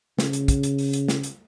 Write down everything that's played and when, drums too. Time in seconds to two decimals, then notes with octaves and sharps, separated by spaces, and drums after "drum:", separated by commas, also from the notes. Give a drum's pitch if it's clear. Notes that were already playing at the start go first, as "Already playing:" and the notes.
0.19 C#3, drum: snare
0.33 drum: hi-hat
0.48 drum: kick, hi-hat
0.63 drum: hi-hat
0.78 drum: open hi-hat
0.93 drum: hi-hat
1.08 drum: snare
1.23 drum: hi-hat